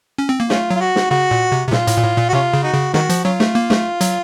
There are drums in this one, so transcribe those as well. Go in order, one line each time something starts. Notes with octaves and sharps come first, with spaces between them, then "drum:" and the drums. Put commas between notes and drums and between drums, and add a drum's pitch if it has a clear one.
C#4
C4
A#3
A3 C#4 F4, drum: snare
F#3
F4
F#4
drum: snare
C#3 F#4
A#2
C3
C3
A#2 F4, drum: snare
A2, drum: hi-hat
A#2
A2
A#2
F#4
C3 C#4 F4
C#3
D#4 F#4
C#3
D#3 D#4 F#4, drum: snare
F3, drum: hi-hat
F#3 C#4 F4
A3, drum: snare
A#3
A3, drum: snare
F#3, drum: hi-hat